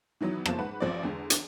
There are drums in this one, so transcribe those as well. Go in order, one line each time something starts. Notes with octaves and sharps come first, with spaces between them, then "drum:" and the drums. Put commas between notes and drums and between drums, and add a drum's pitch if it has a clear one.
D#3 E3 F#3 B3
F#1 F3 A#3 A5 E7, drum: rim click
G#2 B4 F#5
A1 F3 C4 D5
E2 D3 G#3
drum: hi-hat